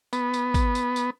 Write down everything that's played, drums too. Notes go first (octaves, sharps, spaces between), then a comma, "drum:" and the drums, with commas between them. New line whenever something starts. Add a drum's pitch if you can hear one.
B3, drum: tambourine
drum: tambourine
drum: kick, tambourine
drum: tambourine
drum: tambourine